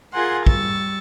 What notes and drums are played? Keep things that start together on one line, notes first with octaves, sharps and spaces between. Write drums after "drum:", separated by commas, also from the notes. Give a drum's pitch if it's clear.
F4 G#4 A#4 F#5 G#5 C6
G3 C#6 E6 A6, drum: kick